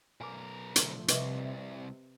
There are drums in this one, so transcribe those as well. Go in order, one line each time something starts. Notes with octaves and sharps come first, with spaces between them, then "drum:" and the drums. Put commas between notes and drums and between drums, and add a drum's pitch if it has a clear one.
B1 A#4 G#5 D6
D3 F3 A3, drum: hi-hat
C2 C3 B4 D#5 E5, drum: hi-hat